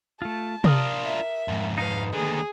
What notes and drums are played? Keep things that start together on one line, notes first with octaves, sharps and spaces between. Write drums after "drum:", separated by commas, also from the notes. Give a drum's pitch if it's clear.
A3 F4 A5
D4 F4 A#4 D#6 F6, drum: tom C3
E5
F2 G#2
D#4 B4 F5
D#2 D3 G#4